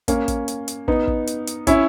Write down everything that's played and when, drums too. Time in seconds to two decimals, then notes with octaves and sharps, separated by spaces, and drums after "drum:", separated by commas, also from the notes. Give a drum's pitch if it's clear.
0.08 A#3 C#4, drum: kick, hi-hat
0.28 drum: kick, hi-hat
0.48 drum: hi-hat
0.68 drum: hi-hat
0.88 B3 D#4, drum: kick
1.07 drum: kick
1.27 drum: hi-hat
1.47 drum: hi-hat
1.67 C#4 E4, drum: kick, hi-hat